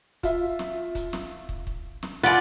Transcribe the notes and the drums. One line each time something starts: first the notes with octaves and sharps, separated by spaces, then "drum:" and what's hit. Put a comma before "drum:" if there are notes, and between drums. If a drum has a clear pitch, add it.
F4 E5, drum: kick, hi-hat
drum: snare
drum: kick, hi-hat
drum: snare
drum: kick
drum: kick
drum: snare
F4 B4 D5 F#5 G#5